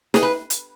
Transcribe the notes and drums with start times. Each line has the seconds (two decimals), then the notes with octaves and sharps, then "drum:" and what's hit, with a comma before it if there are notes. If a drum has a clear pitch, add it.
0.14 G#4, drum: snare
0.22 B4
0.50 drum: hi-hat